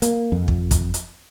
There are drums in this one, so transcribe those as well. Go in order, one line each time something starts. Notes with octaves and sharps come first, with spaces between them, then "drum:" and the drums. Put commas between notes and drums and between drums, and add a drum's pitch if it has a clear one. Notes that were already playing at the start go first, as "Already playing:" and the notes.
A#3, drum: hi-hat
F2
drum: kick
drum: kick, hi-hat
drum: hi-hat